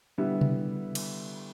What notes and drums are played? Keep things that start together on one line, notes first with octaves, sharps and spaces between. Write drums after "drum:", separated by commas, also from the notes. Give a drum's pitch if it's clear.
D3 G3 B3 E4
drum: tom C3
drum: cymbal